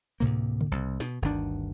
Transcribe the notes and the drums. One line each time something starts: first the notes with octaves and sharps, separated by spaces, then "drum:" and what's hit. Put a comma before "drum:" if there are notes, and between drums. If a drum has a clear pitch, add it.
D2 A2 C3 A#3
drum: tom C#3
C2
B2, drum: snare
G1 D2 D#3 D4